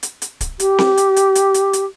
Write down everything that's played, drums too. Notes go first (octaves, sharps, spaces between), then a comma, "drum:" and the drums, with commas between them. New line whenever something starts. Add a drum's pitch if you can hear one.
drum: hi-hat
drum: hi-hat
drum: kick C#1, hi-hat
G4, drum: hi-hat
drum: snare C4
drum: hi-hat
drum: hi-hat
drum: hi-hat
drum: hi-hat
drum: hi-hat